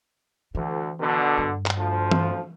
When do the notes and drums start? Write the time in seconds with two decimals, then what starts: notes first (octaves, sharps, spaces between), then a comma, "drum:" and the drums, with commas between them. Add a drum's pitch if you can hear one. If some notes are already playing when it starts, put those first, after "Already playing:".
0.55 D2 E3
1.00 B2 D3
1.38 G2
1.66 drum: clap
1.78 D2 F3
2.11 drum: tom E3